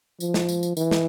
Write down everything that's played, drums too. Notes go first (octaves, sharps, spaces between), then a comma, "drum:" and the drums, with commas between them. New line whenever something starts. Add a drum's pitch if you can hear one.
F3, drum: tambourine
drum: snare
drum: tambourine
drum: tambourine
E3, drum: tambourine
drum: snare